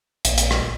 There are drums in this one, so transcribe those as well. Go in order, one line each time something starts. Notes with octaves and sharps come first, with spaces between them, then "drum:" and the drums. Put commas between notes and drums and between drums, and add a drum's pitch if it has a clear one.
A#1, drum: hi-hat
drum: hi-hat
drum: rim click